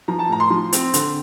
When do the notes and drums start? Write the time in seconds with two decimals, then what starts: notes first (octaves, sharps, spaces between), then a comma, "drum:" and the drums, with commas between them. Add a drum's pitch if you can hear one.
0.08 F3 A#5
0.19 A5
0.29 A2 A#5
0.40 C6
0.50 F3
0.73 C4, drum: hi-hat
0.94 D3, drum: hi-hat